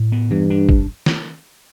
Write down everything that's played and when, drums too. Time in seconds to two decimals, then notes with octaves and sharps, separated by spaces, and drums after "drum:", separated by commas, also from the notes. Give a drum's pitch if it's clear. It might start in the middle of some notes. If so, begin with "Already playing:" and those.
Already playing: A2
0.12 B3
0.31 G2 E3
0.50 D4
0.69 drum: kick
1.06 drum: snare